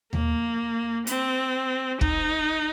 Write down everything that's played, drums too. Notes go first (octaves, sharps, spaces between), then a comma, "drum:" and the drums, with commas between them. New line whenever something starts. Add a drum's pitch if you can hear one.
A#3, drum: tom D#2
C4, drum: hi-hat
D#4, drum: kick